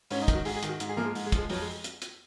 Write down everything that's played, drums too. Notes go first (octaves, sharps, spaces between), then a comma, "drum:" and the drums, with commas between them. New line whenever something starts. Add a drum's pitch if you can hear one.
G#2 C#4, drum: open hi-hat
D#4
D#3, drum: kick, hi-hat
F#4
G#2 G#4, drum: open hi-hat
G#4
D#3, drum: hi-hat
F#4
G#2, drum: hi-hat
G#4
F3 A#3
G#3
G#2, drum: open hi-hat
G#3
F3, drum: kick, hi-hat
G#3
F2 F#3, drum: open hi-hat
G#3
drum: hi-hat
drum: hi-hat